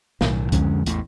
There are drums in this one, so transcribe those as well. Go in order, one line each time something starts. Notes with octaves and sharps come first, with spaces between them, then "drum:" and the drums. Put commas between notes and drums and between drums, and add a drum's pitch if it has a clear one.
B1 A2 D#3, drum: snare
F2 D3 G#3 C#4, drum: kick C#2, hi-hat
A1 E2 A2 A3, drum: hi-hat